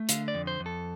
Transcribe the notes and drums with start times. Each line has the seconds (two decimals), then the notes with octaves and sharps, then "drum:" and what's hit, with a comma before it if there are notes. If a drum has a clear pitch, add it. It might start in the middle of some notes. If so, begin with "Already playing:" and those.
Already playing: A3
0.09 D3 F5, drum: hi-hat
0.28 D5
0.34 F2
0.47 C5
0.60 F2
0.66 A4